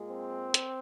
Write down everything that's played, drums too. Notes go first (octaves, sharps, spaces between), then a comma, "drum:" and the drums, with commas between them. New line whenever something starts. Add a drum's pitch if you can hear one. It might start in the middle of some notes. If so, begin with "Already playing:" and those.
Already playing: A#2 G#3
C4
drum: hi-hat